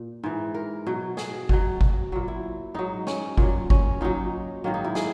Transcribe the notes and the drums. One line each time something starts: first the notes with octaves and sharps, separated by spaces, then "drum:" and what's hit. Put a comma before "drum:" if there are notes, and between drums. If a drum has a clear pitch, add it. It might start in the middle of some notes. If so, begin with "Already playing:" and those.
Already playing: A#2
G#2 E3
A#4
B2 F#3
G#4, drum: snare
B2 F#3, drum: kick G#1
drum: kick G#1
A#2 F#3
E4
G#2 F#3 D#4
C#4, drum: snare
A#2 F#3, drum: kick G#1
C#4, drum: kick G#1
A#2 F#3 D#4
G#2 D#3 F#3 A#3
D#4
E4
G#4, drum: snare